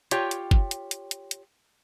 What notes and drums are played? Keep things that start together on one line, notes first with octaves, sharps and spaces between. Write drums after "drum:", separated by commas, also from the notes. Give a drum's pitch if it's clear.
F4 G4 C#5 G5, drum: hi-hat
drum: hi-hat
drum: kick
drum: hi-hat
drum: hi-hat
drum: hi-hat
drum: hi-hat